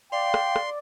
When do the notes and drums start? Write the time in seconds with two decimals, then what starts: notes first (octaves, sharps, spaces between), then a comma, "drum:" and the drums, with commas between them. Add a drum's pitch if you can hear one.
0.12 D5 F5 G5 C6
0.34 drum: rim click
0.56 drum: rim click